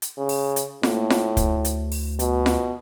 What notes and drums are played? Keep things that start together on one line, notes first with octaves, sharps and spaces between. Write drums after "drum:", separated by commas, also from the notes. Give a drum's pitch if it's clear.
drum: hi-hat
C#3
drum: open hi-hat
drum: hi-hat
A2 A#3, drum: snare F4
drum: snare F4
D2, drum: kick, hi-hat
drum: hi-hat
drum: open hi-hat
B2, drum: hi-hat
drum: snare F4